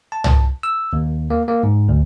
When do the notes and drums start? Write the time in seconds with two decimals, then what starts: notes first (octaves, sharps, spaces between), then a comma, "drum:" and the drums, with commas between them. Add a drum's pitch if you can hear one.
0.12 A5
0.24 drum: tom
0.63 E6
0.93 D#2
1.30 A#3
1.48 A#3
1.63 G#2
1.89 D2